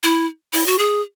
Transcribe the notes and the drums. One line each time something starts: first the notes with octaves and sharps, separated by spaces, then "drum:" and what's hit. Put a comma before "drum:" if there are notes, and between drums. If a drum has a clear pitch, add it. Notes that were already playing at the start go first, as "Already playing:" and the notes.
E4
E4, drum: open hi-hat
F#4
G#4